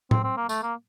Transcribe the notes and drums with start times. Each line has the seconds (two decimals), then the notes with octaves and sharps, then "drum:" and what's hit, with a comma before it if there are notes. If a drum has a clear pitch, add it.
0.11 C4, drum: tom A2
0.24 C4
0.37 A#3
0.49 A3, drum: tambourine
0.62 A#3